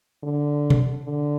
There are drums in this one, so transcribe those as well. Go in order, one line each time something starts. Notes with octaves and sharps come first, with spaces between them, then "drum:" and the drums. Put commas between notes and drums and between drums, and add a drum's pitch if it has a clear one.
D3
drum: tom B2
D3